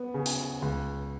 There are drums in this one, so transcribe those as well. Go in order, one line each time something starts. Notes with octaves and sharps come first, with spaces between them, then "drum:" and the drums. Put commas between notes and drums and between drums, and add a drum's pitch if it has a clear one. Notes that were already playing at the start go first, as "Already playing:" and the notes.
Already playing: B3
C#3
drum: hi-hat
C#2